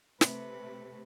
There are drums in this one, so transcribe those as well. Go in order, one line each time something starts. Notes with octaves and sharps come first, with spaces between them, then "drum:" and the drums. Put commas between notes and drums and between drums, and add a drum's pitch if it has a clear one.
C3 A3 B4, drum: snare